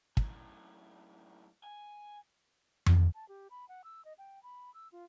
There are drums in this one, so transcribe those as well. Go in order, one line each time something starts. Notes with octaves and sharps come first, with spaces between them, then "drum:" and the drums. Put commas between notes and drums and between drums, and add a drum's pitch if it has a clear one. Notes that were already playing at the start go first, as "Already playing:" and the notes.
F#2 A2, drum: kick
G#5
drum: tom F2
A5
G4
B5
F#5
E6
D#5
G5
B5
E6
F4